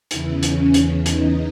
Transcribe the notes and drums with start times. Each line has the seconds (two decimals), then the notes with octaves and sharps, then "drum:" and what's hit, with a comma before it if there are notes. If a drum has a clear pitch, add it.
0.11 E2 C#3 E3 E4, drum: hi-hat
0.43 C#4, drum: hi-hat
0.74 drum: hi-hat
1.06 D#4, drum: hi-hat